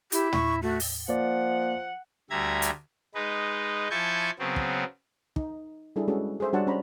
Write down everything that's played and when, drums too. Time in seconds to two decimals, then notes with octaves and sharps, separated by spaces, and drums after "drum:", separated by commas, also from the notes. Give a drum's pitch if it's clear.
0.12 E4 G4, drum: hi-hat
0.33 C#6, drum: tom
0.62 A3 F#4
0.80 drum: open hi-hat
1.09 F3 A#3 D5 F#5
2.30 D2 G3 E5 A#5 G#6
2.62 drum: hi-hat
3.15 G#3 D#4 B4
3.90 F3 E4 G#5 A5 C#6 G6
4.39 C#3 F#3 B3 C4
4.56 drum: kick
5.36 D#4, drum: kick
5.96 G3 D4 E4 G#4 A4
6.08 G#3 C#4 F#4 G#4 A4 B4
6.40 G#4 A4 C5 E5
6.53 G3 D4 F#4 C#5 F#5 A5
6.67 C#4 C5 A#5 B5